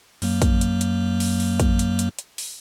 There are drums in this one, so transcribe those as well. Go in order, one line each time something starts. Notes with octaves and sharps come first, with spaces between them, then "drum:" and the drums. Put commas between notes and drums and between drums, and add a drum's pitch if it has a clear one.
F#2 F#3 A#3, drum: open hi-hat
drum: kick, hi-hat
drum: hi-hat
drum: hi-hat
drum: open hi-hat
drum: open hi-hat
drum: kick, hi-hat
drum: hi-hat
drum: hi-hat
drum: hi-hat
drum: open hi-hat